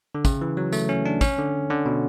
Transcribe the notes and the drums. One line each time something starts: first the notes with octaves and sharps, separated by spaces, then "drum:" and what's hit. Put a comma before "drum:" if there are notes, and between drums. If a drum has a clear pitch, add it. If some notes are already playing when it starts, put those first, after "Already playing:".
D3
C#3, drum: kick, tambourine
E3
F#3
A3, drum: tambourine
C#4
D4
C#4, drum: kick, tambourine
D3
D3
B2